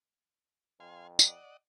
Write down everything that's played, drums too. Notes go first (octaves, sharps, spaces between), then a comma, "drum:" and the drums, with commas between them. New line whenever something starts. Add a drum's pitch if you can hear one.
F2 F5 G#5 C6
D5 D#5 F#5, drum: tambourine